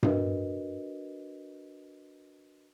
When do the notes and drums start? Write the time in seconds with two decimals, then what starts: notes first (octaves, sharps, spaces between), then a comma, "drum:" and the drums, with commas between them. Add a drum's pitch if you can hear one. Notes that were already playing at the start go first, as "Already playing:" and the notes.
0.03 D4 F#4 A#4 B4 D#5, drum: tom G2